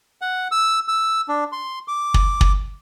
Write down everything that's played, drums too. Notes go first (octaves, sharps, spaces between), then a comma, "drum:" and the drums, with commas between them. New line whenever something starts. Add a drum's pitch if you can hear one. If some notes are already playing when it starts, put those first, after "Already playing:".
F#5
E6
E6
D4
C6
D6
drum: kick
drum: kick